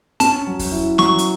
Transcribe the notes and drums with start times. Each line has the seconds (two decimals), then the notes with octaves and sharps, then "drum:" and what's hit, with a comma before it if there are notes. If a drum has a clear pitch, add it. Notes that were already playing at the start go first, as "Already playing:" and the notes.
0.20 C#4 A5, drum: hi-hat
0.47 F#3
0.59 drum: kick E2, open hi-hat
0.72 E4
0.98 F#3 C#6, drum: snare B3
1.18 drum: hi-hat